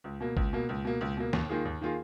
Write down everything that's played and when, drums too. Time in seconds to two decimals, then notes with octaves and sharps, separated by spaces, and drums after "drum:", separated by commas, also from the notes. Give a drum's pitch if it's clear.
0.04 C#2
0.20 B2 A#3
0.37 C#2, drum: kick G#1
0.53 B2 A#3
0.69 C#2
0.85 B2 A#3
1.01 C#2
1.17 B2 A#3
1.33 D#2, drum: snare
1.49 D#3 A#3 F4 G#4
1.65 D#2
1.81 D#3 A#3 F4 G#4